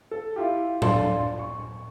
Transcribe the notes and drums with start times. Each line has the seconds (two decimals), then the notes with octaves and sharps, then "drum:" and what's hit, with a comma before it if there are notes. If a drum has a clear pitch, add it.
0.11 A4
0.36 E4 F4 G4
0.82 D4 F4 A4 C6, drum: tom A2
1.39 C#6